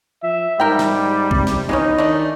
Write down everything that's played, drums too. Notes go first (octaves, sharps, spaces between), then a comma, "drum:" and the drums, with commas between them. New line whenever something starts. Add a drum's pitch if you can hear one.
F3 E5
G#2 G3 A#4 G5
drum: snare
C3, drum: kick A#1
drum: snare
E2 G#3 B3 C#4 D#4
D#3 A3 D4